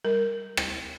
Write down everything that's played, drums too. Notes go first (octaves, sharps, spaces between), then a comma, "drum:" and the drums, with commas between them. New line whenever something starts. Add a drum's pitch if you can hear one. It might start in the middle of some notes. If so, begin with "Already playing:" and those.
G3 A#4
drum: rim click